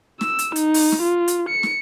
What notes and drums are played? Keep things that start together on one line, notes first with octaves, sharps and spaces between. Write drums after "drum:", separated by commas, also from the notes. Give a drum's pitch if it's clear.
E6, drum: snare
drum: hi-hat
D#4, drum: hi-hat
drum: open hi-hat
drum: snare
F4
drum: hi-hat
C#7
drum: snare